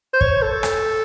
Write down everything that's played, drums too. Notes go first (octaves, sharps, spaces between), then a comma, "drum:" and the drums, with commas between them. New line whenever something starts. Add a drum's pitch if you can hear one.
C5
C#5, drum: kick
A4
drum: rim click